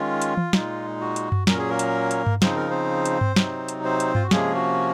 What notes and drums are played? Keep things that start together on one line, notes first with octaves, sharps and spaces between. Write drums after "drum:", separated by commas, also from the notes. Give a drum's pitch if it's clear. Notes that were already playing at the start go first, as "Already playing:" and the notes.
Already playing: D#3 G#3 C#4 F4
drum: hi-hat
drum: tom E3
A#2 G#3 D#4, drum: snare
F#4
drum: hi-hat
drum: tom F#2
A#2 F#3 C#4 A#4, drum: snare
G#4
A#3 A#4
drum: hi-hat
drum: hi-hat
drum: tom G2
C#3 F3 C4 D#4 C5, drum: snare
A#4
C4 C5
drum: hi-hat
drum: tom G2
C3 F#3 C4 D#4, drum: snare
drum: hi-hat
C4 C5
drum: hi-hat
F4, drum: tom G2
F#4
C3 F3 G#3 A#3 C#4 G#4, drum: snare
F#4